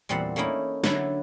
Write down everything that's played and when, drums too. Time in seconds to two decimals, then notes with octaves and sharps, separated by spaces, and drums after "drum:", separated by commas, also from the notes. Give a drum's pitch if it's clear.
0.09 E2 A#2 G3 C4 F#5
0.36 A3 A#3 C#4 D#4 E4
0.84 D3 F#3 D4 E4, drum: snare